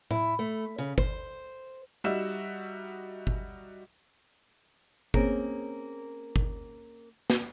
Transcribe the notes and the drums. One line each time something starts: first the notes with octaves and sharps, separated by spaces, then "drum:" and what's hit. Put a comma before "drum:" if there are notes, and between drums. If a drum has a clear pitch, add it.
E4, drum: tom A2
A3
C#3
C5, drum: kick G1
G3 D#4 F#4 E5 E7
drum: kick G1
A#3 C4 C#4 G#4 A#4, drum: kick G1
drum: kick G1
drum: snare